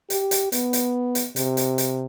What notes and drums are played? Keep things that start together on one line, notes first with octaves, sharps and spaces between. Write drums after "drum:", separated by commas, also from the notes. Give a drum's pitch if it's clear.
G4, drum: hi-hat
drum: hi-hat
B3, drum: hi-hat
drum: hi-hat
drum: hi-hat
C3, drum: hi-hat
drum: hi-hat
drum: hi-hat